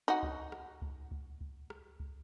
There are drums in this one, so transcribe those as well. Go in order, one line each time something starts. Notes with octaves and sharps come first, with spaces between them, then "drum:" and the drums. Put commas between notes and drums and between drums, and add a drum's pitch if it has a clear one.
D#4 F#4
drum: kick C#2
drum: rim click
drum: kick C#2
drum: kick C#2
drum: kick C#2
drum: rim click
drum: kick C#2